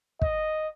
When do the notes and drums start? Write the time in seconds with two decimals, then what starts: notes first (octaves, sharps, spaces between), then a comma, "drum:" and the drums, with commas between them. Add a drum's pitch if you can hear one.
0.22 D#5, drum: kick